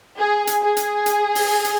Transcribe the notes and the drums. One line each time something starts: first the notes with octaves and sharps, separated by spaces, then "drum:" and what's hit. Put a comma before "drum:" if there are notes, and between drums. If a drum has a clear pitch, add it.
G#4
drum: hi-hat
G#4
drum: hi-hat
drum: hi-hat
drum: open hi-hat
drum: hi-hat